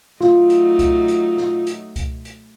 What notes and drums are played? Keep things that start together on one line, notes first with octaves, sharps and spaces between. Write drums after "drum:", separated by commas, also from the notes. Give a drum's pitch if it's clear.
F#3 A3 D#4 F4, drum: snare
drum: hi-hat
drum: kick C2, hi-hat
drum: hi-hat
drum: snare
drum: hi-hat
drum: kick C2, hi-hat
drum: hi-hat